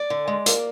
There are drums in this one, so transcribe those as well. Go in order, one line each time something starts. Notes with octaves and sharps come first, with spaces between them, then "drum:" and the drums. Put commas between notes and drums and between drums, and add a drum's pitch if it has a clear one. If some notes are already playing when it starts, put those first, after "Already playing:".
Already playing: D5
D3
G#3
A#3, drum: hi-hat